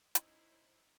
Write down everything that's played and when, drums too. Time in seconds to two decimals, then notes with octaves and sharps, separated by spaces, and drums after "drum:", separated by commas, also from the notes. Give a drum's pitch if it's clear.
0.15 C#4 D#4 E4 C5, drum: hi-hat